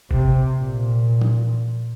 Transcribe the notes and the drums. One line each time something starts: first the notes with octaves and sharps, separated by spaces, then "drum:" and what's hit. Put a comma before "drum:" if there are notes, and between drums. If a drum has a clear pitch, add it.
C3, drum: kick G1
A#2
drum: tom E3